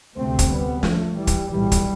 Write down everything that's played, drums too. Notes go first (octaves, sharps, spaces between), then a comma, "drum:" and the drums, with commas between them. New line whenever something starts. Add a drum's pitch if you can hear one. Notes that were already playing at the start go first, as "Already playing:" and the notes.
D2 C3 A3 C4
drum: kick, hi-hat
G3 B3
F3 A3, drum: snare
E3 G3
drum: kick, hi-hat
B1 A2 E3 G3
drum: kick, hi-hat